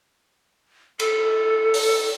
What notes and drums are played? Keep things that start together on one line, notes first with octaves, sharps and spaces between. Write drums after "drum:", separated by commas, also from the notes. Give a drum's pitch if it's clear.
A4, drum: cymbal
drum: open hi-hat